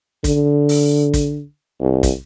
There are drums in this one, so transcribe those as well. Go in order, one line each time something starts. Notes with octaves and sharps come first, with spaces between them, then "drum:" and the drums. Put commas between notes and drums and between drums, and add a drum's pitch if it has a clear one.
D3, drum: kick, hi-hat
drum: open hi-hat
drum: kick, hi-hat
C2
drum: kick, hi-hat